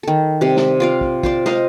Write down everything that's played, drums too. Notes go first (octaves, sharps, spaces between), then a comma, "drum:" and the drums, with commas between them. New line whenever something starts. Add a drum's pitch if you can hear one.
D#3 A4
C3 G3
drum: snare
F4 D5 F5
drum: kick
F4 C5 D5, drum: kick
C5 D#5 F5, drum: snare